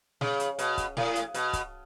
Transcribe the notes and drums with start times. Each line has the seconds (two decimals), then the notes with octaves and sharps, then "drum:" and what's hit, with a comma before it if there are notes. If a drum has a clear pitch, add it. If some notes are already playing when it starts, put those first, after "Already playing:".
0.21 C#3, drum: snare
0.40 drum: hi-hat
0.59 B2, drum: hi-hat
0.78 drum: kick, hi-hat
0.97 A2, drum: snare
1.15 drum: hi-hat
1.34 B2, drum: hi-hat
1.53 drum: kick, hi-hat